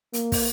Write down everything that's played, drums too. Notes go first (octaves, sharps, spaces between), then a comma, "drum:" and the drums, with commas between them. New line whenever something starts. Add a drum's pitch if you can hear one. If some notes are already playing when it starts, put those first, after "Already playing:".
A#3, drum: hi-hat
drum: kick, open hi-hat